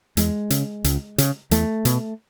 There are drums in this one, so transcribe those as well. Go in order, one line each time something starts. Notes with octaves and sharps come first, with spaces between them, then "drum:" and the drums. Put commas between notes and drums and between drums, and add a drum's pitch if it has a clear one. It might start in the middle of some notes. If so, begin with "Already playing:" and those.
E2 G#3, drum: hi-hat
C#3, drum: hi-hat
C#2, drum: hi-hat
C#3, drum: hi-hat
E2 A3, drum: hi-hat
B2, drum: hi-hat